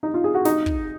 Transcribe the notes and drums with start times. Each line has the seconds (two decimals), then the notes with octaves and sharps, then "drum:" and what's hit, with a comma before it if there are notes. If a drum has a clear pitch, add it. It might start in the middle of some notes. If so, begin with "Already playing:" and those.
0.03 D#4
0.14 F4
0.24 G#4
0.34 F#4
0.45 D#4, drum: snare
0.66 drum: kick